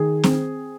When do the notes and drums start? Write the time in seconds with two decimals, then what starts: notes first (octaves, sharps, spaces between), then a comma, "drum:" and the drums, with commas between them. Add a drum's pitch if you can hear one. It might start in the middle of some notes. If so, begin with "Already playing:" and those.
Already playing: D#3 G#4
0.24 C4, drum: snare C4